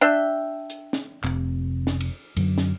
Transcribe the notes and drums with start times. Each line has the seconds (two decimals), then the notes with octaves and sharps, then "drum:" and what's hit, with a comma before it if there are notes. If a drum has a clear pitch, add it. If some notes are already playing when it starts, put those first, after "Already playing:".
0.01 D4 E5 G5
0.70 drum: hi-hat
0.93 drum: snare
1.24 F1 C3, drum: clap
1.87 drum: snare
2.01 drum: cymbal
2.37 F#2 D3 F#3, drum: cymbal
2.58 drum: snare